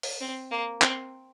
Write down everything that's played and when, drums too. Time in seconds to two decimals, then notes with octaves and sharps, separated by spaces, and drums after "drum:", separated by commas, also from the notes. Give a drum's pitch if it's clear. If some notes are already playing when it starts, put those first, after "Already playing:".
0.03 drum: open hi-hat
0.21 C4
0.51 A#3
0.82 C4, drum: clap